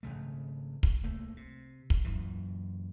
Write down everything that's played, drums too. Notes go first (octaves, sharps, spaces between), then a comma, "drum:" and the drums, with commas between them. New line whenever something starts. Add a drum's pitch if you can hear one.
G#1 D#2 C#3 A3
drum: kick
C2 A3 A#3
C3
drum: kick
F#2 A#2 E3